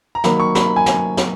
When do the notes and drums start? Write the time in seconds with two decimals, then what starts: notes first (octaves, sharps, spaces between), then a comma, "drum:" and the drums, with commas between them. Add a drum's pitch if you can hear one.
0.15 A#5
0.24 D#3 F#3 A#3 B5, drum: snare
0.40 C#6
0.55 B5, drum: snare
0.76 G#5
0.86 drum: snare
1.17 drum: snare